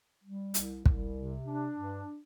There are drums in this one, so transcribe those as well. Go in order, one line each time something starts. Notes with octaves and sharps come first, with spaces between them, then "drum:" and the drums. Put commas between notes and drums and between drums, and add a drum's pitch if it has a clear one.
G3
C2, drum: hi-hat
C2, drum: kick
C3
D4
G2